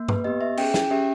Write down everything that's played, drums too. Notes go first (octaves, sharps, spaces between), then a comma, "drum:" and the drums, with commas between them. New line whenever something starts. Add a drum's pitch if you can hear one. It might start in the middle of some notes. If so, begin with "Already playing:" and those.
Already playing: A#3
B4, drum: tom G2
B3 G4 D#5
E5
C#4 G#4 G5, drum: cymbal
G5, drum: snare
C#4 G4 E5